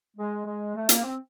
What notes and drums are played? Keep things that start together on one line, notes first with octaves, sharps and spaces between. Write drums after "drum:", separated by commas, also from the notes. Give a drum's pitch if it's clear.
G#3
G#3
A3
A#3, drum: hi-hat
C4